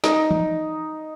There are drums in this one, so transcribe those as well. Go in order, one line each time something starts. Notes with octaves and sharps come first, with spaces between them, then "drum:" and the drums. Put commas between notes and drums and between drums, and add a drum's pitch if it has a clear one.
D#4, drum: snare
drum: tom E3